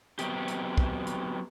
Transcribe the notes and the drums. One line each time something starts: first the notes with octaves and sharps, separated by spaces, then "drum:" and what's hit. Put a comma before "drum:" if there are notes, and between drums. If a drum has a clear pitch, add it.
F#3 B3 C4 G4, drum: hi-hat
drum: hi-hat
drum: kick
drum: hi-hat